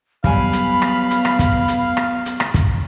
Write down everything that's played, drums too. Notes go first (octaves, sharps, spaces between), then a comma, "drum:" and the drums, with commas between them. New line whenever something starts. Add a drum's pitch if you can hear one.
F#3 G3 B3 F5 G#5 B5, drum: kick
drum: hi-hat
drum: rim click
drum: hi-hat
drum: rim click
drum: kick, hi-hat
drum: hi-hat
drum: rim click
drum: hi-hat
drum: rim click
drum: kick, hi-hat